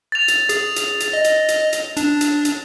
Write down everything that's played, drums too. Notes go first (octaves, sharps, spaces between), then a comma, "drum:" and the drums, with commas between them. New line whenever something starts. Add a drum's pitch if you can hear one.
A6 F7
drum: hi-hat
G#4, drum: hi-hat
drum: hi-hat
drum: hi-hat
D#5
drum: hi-hat
drum: hi-hat
drum: hi-hat
D4, drum: hi-hat
drum: hi-hat
drum: hi-hat